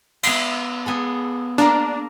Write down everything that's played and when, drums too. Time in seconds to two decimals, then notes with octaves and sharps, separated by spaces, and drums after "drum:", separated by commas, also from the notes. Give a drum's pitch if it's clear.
0.23 B3 E5, drum: cymbal
0.86 B3 G#4 A4
1.58 A#3 D4 A#4